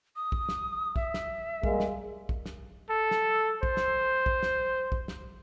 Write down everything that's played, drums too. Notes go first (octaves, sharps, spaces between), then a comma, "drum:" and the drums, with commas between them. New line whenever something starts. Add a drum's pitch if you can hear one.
D#6
drum: kick
drum: snare
E5, drum: kick
drum: snare
G3 G#3 A#3, drum: kick
drum: snare
drum: kick
drum: snare
A4
drum: snare
C5, drum: kick
drum: snare
drum: kick
drum: snare
drum: kick
drum: snare